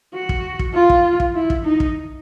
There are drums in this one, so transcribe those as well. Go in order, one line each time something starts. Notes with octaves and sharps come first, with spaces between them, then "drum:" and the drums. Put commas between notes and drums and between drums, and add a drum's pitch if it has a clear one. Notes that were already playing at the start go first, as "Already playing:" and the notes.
F#4
drum: kick
drum: kick
F4
drum: kick
drum: kick
E4
drum: kick
D#4
drum: kick